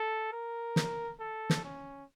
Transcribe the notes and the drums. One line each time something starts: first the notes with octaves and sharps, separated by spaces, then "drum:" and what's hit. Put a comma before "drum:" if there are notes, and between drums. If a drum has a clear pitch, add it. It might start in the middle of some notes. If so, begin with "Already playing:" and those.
Already playing: A4
A#4
drum: snare
A4
drum: snare
C#4